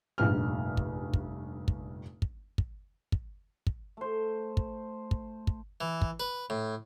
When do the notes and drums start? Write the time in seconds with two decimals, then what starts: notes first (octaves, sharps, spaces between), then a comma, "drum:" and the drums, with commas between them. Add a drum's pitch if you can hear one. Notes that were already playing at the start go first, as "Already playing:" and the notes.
0.18 F1 A#1 G2 F6
0.77 drum: kick
1.14 drum: kick
1.68 drum: kick
2.22 drum: kick
2.58 drum: kick
3.12 drum: kick
3.67 drum: kick
3.97 A3 C5
4.57 drum: kick
5.11 drum: kick
5.47 drum: kick
5.81 E3
6.02 drum: kick
6.20 B4
6.50 A2